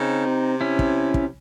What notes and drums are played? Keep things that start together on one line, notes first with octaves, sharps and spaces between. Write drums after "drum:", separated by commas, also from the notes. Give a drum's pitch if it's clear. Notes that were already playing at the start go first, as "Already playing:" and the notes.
Already playing: C#3 C4 D#4
C3
C#4 E4
drum: kick
drum: kick